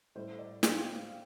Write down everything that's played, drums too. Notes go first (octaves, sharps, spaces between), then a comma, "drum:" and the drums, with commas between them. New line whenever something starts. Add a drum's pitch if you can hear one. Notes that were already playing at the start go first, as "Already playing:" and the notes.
A2 G3 C5
D5
F5, drum: snare
G5
F5